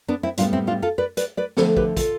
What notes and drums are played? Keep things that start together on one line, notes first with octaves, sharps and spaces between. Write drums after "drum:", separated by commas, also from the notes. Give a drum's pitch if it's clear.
B3 D4
C4 E4
A2 G3 B3 D4 F4, drum: hi-hat
C4 E4
D4 F4
F4 A4
B4 D5
B4 D5, drum: hi-hat
B4 D5
D3 F3 A3 A4 C5, drum: snare
G4 B4, drum: kick
F4 A4, drum: kick, hi-hat